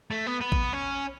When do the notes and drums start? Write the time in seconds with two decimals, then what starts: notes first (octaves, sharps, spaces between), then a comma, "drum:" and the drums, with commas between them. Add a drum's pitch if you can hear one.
0.11 A3
0.26 B3
0.41 B3
0.52 drum: kick A1
0.73 C#4